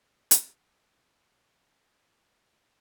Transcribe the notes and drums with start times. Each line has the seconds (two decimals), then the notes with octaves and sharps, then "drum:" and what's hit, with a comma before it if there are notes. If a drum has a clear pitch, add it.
0.31 drum: hi-hat
0.88 B1 C4